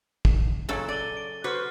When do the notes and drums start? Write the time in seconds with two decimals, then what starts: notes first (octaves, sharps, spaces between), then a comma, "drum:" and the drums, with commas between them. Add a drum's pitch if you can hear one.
0.25 drum: kick
0.69 F#2 A#2 C#3 F#3 A4
0.88 D5 A6 D#7 G7
1.17 D7
1.44 F#4 B4 C5 D6 F6